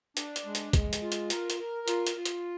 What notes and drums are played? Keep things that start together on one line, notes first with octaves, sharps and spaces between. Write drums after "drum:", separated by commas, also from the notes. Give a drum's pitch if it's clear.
D4, drum: hi-hat
drum: hi-hat
G#3
drum: hi-hat
G#3, drum: kick, hi-hat
drum: hi-hat
F4
drum: hi-hat
A#4, drum: hi-hat
drum: hi-hat
A#4
F4, drum: hi-hat
drum: hi-hat
F4
drum: hi-hat